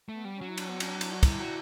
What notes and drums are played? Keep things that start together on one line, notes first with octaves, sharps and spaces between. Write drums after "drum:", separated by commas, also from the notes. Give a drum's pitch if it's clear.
A3
B3
G3
C#4
F#3
E4
D4, drum: cymbal
B3
C#4, drum: cymbal
D4
drum: cymbal
F#4
G3 E4, drum: kick, cymbal
F#4